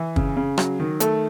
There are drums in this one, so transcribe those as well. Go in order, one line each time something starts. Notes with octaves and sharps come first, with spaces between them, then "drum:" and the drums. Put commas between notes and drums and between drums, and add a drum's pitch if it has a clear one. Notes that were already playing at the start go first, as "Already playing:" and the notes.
Already playing: E3
C#3, drum: kick
C#3
F#3, drum: rim click
D#3
A3, drum: hi-hat